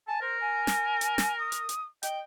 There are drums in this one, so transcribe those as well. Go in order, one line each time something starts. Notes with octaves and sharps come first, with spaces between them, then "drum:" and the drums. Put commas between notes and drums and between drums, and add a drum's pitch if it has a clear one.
G#5 A5
A#4 C5
G#5
drum: snare
drum: hi-hat
drum: snare
D#6
drum: hi-hat
drum: hi-hat
D#5 G5, drum: hi-hat